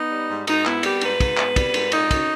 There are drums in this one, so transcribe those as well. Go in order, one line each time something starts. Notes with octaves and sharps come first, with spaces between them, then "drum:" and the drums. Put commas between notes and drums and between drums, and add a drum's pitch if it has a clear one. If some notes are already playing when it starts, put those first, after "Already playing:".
Already playing: B3 D#4
G3
G#2
G#2 D#4, drum: cymbal
B3 E4, drum: clap
G3 G4, drum: cymbal
G#2 B4, drum: cymbal
G#2, drum: kick, cymbal
B3, drum: clap
G3, drum: kick, cymbal
G#2, drum: cymbal
A#2 D#4, drum: cymbal
C#4, drum: kick, cymbal